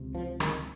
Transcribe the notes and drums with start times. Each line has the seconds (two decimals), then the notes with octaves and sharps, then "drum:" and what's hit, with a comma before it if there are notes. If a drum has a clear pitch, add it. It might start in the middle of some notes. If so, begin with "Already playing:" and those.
Already playing: C#2 C3
0.15 F3
0.40 D#3, drum: rim click